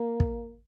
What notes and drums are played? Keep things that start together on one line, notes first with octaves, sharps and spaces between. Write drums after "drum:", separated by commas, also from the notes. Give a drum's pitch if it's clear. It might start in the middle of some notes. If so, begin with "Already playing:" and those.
Already playing: A#3
drum: kick